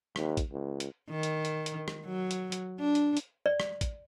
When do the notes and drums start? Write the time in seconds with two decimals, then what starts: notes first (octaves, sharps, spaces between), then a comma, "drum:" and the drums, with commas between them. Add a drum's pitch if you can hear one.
0.16 D#2, drum: rim click
0.37 drum: kick, hi-hat
0.52 C#2
0.80 drum: hi-hat
1.10 D#3
1.23 drum: hi-hat
1.45 drum: hi-hat
1.66 drum: hi-hat
1.88 drum: rim click
2.05 F#3
2.31 drum: hi-hat
2.52 drum: hi-hat
2.80 D4
2.95 drum: hi-hat
3.17 drum: hi-hat
3.46 D5
3.60 drum: rim click
3.81 drum: kick, hi-hat